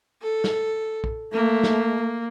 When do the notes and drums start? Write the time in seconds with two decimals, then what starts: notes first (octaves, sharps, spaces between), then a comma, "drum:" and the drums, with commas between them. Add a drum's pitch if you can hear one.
0.22 A4
0.44 drum: snare
1.04 drum: kick A#1
1.34 A3 A#3
1.63 drum: snare